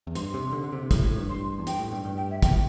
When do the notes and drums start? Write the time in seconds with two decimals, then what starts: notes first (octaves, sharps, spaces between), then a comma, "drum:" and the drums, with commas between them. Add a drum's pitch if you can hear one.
0.07 E2
0.15 G2 C6, drum: hi-hat
0.34 C3
0.52 D3
0.64 D3
0.72 C3
0.83 C3
0.91 A2, drum: kick, hi-hat
1.03 A2
1.16 G2
1.30 C6
1.59 E2
1.67 G2 G5, drum: hi-hat
1.79 A2
1.93 G2
2.05 G2
2.17 G5
2.31 E5
2.42 E2 G5, drum: kick, hi-hat